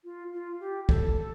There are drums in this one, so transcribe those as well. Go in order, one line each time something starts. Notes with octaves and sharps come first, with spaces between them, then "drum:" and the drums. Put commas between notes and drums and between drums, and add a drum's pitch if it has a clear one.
F4
F4
G4
A4, drum: kick